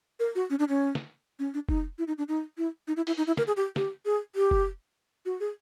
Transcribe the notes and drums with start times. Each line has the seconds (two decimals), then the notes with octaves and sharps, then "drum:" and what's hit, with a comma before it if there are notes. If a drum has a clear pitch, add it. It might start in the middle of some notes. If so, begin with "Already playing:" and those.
0.20 A#4
0.35 F#4
0.50 C#4
0.59 D4
0.69 C#4
0.95 drum: snare
1.39 C#4
1.54 D4
1.69 D#4, drum: kick F1
1.98 E4
2.08 D#4
2.18 D4
2.28 D#4
2.58 E4
2.88 D#4
2.97 E4
3.07 E4, drum: open hi-hat
3.18 D#4
3.27 E4
3.37 A#4, drum: snare
3.47 G#4
3.57 G4
3.76 G4, drum: snare
4.05 G#4
4.35 G4
4.51 drum: kick F1
5.26 F#4
5.40 G#4